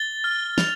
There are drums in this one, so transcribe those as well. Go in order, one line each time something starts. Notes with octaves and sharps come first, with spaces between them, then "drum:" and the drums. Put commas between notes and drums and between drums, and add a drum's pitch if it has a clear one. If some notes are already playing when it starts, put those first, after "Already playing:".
Already playing: A6 G7
F6
F7, drum: snare